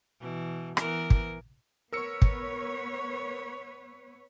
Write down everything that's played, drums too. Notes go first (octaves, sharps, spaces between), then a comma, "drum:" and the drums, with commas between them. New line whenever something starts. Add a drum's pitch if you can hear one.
B2 E3
E3 B3 A#4, drum: rim click
drum: kick
B3 A#4 B4 C#5 E6 C#7
drum: kick